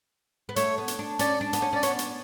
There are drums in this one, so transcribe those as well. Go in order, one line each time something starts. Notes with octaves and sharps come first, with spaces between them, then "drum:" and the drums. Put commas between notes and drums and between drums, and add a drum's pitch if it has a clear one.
B3
A3 C#5, drum: hi-hat
B3
drum: hi-hat
D4
C#4 D5, drum: hi-hat
D4
B3, drum: hi-hat
C#4
C#4 D5
B3 C#5, drum: hi-hat
drum: hi-hat